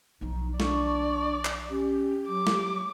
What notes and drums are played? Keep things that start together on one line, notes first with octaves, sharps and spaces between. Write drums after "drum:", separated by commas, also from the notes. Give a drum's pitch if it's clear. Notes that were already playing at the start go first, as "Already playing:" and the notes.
B1 F3 D#4
D4 D5 C#6, drum: snare
drum: clap
C#4 G4
F#3 D6
drum: snare